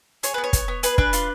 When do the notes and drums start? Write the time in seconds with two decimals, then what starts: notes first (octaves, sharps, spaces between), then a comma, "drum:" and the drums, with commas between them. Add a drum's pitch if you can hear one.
0.23 G#4 C#5, drum: hi-hat
0.34 B3 B4
0.44 C#5
0.53 B3, drum: kick, hi-hat
0.68 B3
0.83 G#4 B4, drum: hi-hat
0.98 D4 B4, drum: kick
1.13 F4, drum: hi-hat